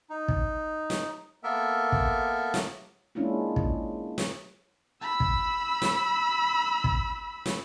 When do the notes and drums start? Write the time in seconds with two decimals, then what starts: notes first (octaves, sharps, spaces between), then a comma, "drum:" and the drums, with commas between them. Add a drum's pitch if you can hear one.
0.10 D#4
0.28 drum: kick
0.90 drum: snare
1.43 A#3 B3 A4 A#4 E5
1.92 drum: kick
2.54 drum: snare
3.15 G#3 A#3 C#4 D4 E4 F4
3.56 drum: kick
4.18 drum: snare
5.02 B5 E6
5.20 drum: kick
5.82 drum: snare
6.84 drum: kick
7.46 drum: snare